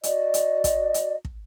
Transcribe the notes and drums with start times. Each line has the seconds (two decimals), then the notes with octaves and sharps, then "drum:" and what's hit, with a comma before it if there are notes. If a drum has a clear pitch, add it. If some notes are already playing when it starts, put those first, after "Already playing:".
0.03 F#4 D5 D#5, drum: hi-hat
0.34 drum: hi-hat
0.64 drum: kick, hi-hat
0.94 drum: hi-hat
1.25 drum: kick